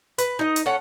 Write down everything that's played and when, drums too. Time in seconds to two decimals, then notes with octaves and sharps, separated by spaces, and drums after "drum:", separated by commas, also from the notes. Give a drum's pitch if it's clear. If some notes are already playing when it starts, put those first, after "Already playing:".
0.18 B4, drum: hi-hat
0.39 D#4 D#5
0.56 drum: hi-hat
0.66 C#4 A4 F#5